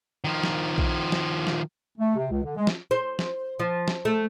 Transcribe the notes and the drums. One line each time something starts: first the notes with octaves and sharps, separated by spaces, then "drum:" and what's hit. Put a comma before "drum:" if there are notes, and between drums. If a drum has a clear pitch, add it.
D#3 F3
drum: snare
drum: kick A#1
drum: snare
drum: snare
A3
C3
C#2
D3
G#3
drum: snare
C5
drum: snare
F3
drum: snare
A3